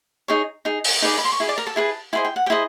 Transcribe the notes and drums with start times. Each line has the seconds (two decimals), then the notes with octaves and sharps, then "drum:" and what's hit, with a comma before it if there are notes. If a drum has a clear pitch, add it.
0.28 D#4 G#4 C#5
0.65 D#4 G#4
0.84 drum: open hi-hat
1.02 D#4 G#4 B4 D5
1.18 B5
1.25 C6
1.32 C#6
1.40 E4 G#4
1.49 D5 D6
1.58 A#4 A#5
1.67 A4 A5
1.76 E4 G#4 B4
2.13 E4 G#4 C5 D#5 G#5
2.25 G5
2.36 F#5
2.46 G4 G5
2.50 E4 G#4 C5 D#5